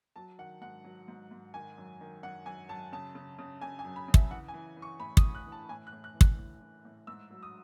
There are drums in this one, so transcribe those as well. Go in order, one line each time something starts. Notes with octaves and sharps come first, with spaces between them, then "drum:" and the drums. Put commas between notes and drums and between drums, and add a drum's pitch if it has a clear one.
F#3 A5
D#3 F#5
G#2 F#5
F#3
G#2
G#2
D#3 G#5
F#2
D#3
F#2 F#5
F#2 G#5
F#2 A5
C#3 A5
C#3
C#3
C#3 G#5
G#5
F#2
B5
C#3
E5, drum: kick
E3 F#5
G#5
E3
E3
C#6
A2 B5
D#6, drum: kick
A2
F#6
E3
A5
A2 G#5
F#6
A2
F#6
E3
F#6, drum: kick
A2
E3
A2
G#2 E6
F#3
D#6